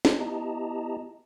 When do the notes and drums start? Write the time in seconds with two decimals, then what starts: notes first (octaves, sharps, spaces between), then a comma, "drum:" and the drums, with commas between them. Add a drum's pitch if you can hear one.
0.05 drum: snare
0.20 B3 E4 G4 D#5 A5 A#5